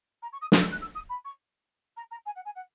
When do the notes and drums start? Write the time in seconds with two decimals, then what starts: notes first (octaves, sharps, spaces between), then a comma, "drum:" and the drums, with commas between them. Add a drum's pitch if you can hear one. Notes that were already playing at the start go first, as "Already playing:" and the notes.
0.22 A#5
0.32 C#6
0.41 D#6
0.52 D#6, drum: snare
0.61 E6
0.71 F#6
0.81 E6
0.94 D#6
1.09 B5
1.24 C#6
1.97 A#5
2.11 A#5
2.25 G#5
2.35 F#5
2.45 G#5
2.55 F#5